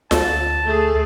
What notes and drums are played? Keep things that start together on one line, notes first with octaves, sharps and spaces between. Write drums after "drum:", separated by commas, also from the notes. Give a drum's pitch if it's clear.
D2 A5, drum: snare F4
A3 G#4